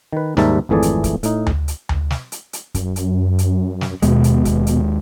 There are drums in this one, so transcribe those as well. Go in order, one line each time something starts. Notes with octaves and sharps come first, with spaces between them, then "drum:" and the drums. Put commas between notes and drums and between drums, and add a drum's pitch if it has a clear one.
D#3 B4
D#2 G#2 G3 A#4 E5 A5, drum: snare
G#1 F2 E3 A3 G#4 D5
drum: hi-hat
drum: kick C#1, hi-hat
A2 D#4, drum: hi-hat
drum: tom D2
drum: hi-hat
drum: tom D2
drum: snare
drum: hi-hat
drum: hi-hat
F#2, drum: kick C#1, hi-hat
drum: hi-hat
drum: hi-hat
drum: snare
D#2 B2 G#3, drum: hi-hat
drum: hi-hat
drum: kick C#1, hi-hat
drum: hi-hat